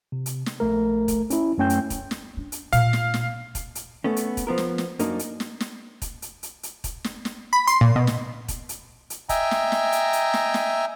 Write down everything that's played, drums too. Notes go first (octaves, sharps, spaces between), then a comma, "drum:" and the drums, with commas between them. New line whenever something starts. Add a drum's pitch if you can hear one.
C3
drum: hi-hat
drum: snare
A#1 A3 A#4
drum: kick, hi-hat
C#4 E4, drum: hi-hat
F#2 A3 C#4 G5 G6
drum: hi-hat
drum: kick, hi-hat
drum: snare
D4
drum: hi-hat
A#2 F5, drum: hi-hat
drum: snare
drum: snare
drum: kick, hi-hat
drum: hi-hat
A3 B3 C#4
drum: hi-hat
drum: kick, hi-hat
F3 B3 A#4
drum: snare
drum: snare
F#2 A#3 D4 D#4, drum: hi-hat
drum: hi-hat
drum: snare
drum: snare
drum: kick, hi-hat
drum: hi-hat
drum: hi-hat
drum: hi-hat
drum: kick, hi-hat
drum: snare
drum: snare
B5
C6, drum: hi-hat
A#2
B2
drum: snare
drum: kick, hi-hat
drum: hi-hat
drum: hi-hat
D#5 E5 G5 G#5 A#5, drum: kick, hi-hat
drum: snare
drum: snare
drum: hi-hat
drum: hi-hat
drum: snare
drum: snare